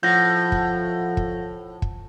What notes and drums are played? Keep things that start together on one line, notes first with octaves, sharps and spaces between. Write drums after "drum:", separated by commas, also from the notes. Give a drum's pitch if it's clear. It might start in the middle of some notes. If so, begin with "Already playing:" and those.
A2 F3 F#5 G6 A#6
drum: kick
drum: kick
drum: kick